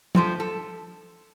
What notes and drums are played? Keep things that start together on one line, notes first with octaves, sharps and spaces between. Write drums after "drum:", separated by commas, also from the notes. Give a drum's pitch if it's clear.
G2 F3 A3 C5, drum: tom
A4